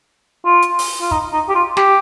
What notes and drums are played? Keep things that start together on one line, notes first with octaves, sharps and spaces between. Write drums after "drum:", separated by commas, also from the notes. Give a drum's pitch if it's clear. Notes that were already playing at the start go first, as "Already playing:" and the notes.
F4
drum: hi-hat
drum: open hi-hat
F4
D#4, drum: kick
D#4
G4
F4
G4, drum: snare